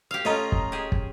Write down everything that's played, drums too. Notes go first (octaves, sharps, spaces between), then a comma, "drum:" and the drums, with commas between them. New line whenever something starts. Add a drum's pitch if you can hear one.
G4 F5
A3 C#4 F4 D#5 A#5
drum: kick
G4 G#4
drum: kick